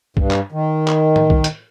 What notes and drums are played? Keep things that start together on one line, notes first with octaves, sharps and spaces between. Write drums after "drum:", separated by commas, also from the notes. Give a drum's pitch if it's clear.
G2, drum: kick
drum: clap
D#3
drum: clap
drum: tom A2
drum: kick
drum: hi-hat